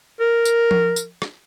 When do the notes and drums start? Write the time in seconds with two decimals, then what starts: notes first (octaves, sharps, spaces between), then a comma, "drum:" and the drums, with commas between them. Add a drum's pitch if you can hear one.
0.20 A#4
0.45 drum: tambourine
0.71 drum: tom F3
0.96 drum: tambourine
1.22 drum: rim click